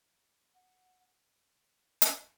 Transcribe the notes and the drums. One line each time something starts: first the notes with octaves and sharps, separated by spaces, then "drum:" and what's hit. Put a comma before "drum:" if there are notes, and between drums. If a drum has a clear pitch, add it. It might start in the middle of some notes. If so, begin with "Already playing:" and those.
F#5
G5, drum: hi-hat